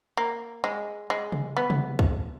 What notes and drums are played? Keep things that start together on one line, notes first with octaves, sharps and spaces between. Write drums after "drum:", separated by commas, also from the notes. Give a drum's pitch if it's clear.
A#3
G#3
G#3
drum: tom C3
B3
drum: tom C3
drum: kick